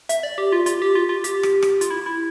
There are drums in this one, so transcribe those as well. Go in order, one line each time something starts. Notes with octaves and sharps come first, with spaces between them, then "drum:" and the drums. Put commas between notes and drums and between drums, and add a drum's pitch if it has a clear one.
E5, drum: hi-hat
D5
G4
F4
F4, drum: hi-hat
G4
F4
F4
G4, drum: hi-hat
drum: rim click
drum: rim click
F4, drum: hi-hat
E4
E4